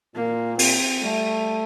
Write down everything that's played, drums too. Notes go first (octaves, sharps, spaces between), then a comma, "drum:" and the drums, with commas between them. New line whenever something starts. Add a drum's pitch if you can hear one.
A#2 A#3
C4, drum: open hi-hat
G3 A3